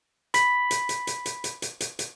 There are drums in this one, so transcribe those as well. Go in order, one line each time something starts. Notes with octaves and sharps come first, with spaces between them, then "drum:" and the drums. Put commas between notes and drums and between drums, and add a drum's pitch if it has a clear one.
B5 B6, drum: hi-hat
drum: hi-hat
drum: hi-hat
drum: hi-hat
drum: hi-hat
drum: hi-hat
drum: hi-hat
drum: hi-hat
drum: hi-hat